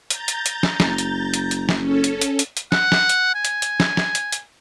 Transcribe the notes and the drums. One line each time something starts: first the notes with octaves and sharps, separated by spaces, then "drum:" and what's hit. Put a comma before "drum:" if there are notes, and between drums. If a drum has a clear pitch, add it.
A#5 G6 A6, drum: hi-hat
drum: hi-hat
drum: hi-hat
drum: snare
F#1, drum: snare
drum: hi-hat
drum: hi-hat
drum: hi-hat
drum: snare
C#4 A4
drum: hi-hat
drum: hi-hat
drum: hi-hat
drum: hi-hat
F#5, drum: snare
drum: snare
drum: hi-hat
G#5
drum: hi-hat
drum: hi-hat
drum: snare
drum: snare
drum: hi-hat
drum: hi-hat